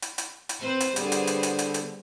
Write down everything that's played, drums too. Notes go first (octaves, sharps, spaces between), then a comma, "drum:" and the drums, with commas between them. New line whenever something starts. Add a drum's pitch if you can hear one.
drum: hi-hat
drum: hi-hat
drum: hi-hat
C4 B4 C5
drum: hi-hat
D3 G3 B3 G#4 C5, drum: hi-hat
drum: hi-hat
drum: hi-hat
drum: hi-hat
drum: hi-hat
drum: hi-hat